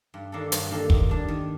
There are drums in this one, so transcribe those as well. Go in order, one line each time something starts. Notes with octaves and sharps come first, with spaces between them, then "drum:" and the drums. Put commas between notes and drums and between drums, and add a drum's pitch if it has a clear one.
G2
D#3 A#3 D4 A4
G2, drum: hi-hat
D#3 A#3 D4 A4
D#3, drum: kick
G3 D4
D#3